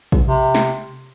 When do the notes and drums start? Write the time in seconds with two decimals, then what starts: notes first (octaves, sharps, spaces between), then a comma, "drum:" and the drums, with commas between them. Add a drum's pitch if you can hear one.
0.12 drum: kick A#1
0.22 C3
0.55 drum: snare